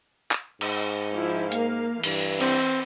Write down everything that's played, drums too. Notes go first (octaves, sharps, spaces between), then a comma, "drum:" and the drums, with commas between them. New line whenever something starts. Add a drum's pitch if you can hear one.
drum: clap
G#2, drum: cymbal
F3 E4
A#3 F5, drum: hi-hat
G2 E3, drum: cymbal
C4, drum: cymbal